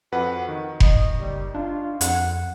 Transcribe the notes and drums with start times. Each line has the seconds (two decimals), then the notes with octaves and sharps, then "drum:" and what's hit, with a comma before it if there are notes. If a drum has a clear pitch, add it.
0.12 F2 F#4 B4 F#5
0.49 D#3
0.80 D#5, drum: kick F1
1.20 F#1 G3
1.55 D4 F4
2.01 F2 F#5, drum: hi-hat